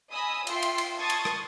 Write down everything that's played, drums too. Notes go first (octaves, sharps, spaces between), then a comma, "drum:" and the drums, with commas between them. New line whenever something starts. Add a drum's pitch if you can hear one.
D#5 G#5 B5 D#6 E6
F4 E5 G5 C6, drum: cymbal
drum: cymbal
drum: cymbal
A5 C6 C#6 D#6 G#6 A6
drum: cymbal
drum: rim click